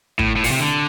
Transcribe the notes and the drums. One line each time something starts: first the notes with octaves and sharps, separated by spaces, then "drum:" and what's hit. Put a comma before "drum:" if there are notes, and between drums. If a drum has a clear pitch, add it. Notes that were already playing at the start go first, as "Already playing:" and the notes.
A2, drum: kick
A2
A#2, drum: open hi-hat
C3
D3